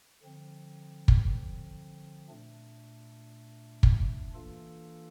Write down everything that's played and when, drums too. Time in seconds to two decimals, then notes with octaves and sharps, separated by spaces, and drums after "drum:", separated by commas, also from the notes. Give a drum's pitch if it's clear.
0.22 D3 F3 C4
1.08 drum: kick
2.29 A#2 A3 D4
3.83 drum: kick
4.34 E3 A#3 D4 F4 A4